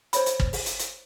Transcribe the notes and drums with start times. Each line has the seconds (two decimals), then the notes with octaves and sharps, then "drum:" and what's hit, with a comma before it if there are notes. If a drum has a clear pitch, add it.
0.13 C5 C#5 B5, drum: hi-hat
0.26 drum: hi-hat
0.40 drum: kick
0.53 drum: open hi-hat
0.66 drum: hi-hat
0.79 drum: hi-hat